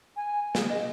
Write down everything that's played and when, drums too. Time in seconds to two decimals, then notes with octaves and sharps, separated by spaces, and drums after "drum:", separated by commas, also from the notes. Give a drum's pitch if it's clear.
0.16 G#5
0.55 G#4, drum: snare
0.69 D#5